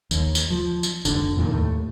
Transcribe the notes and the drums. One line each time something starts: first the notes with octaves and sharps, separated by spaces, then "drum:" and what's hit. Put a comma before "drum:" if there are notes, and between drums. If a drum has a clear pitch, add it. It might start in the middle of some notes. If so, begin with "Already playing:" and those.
D#2, drum: tambourine
drum: tambourine
F3
drum: tambourine
F1 A#1 D3, drum: tambourine
F2 A#2 D3 D#3
D#2 A2 A3